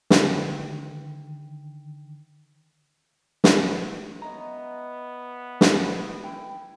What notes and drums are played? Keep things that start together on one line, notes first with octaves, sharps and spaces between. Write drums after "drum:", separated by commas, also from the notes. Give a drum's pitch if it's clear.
D3 D#3 G5, drum: snare
drum: snare
B3 C#5 D#5 E5 A#5
drum: snare
E4 G5 G#5